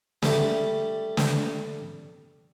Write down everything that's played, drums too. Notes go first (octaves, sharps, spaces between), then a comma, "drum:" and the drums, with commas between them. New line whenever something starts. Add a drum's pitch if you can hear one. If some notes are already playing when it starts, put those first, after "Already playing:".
G3 A3, drum: snare
drum: snare